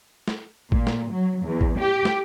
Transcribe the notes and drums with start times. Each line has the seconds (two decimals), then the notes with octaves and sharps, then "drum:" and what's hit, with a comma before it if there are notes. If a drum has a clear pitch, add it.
0.28 drum: snare
0.72 A#2, drum: kick A1
0.87 drum: snare
1.12 F#3
1.44 E2
1.61 drum: kick A1
1.80 G4
2.05 drum: snare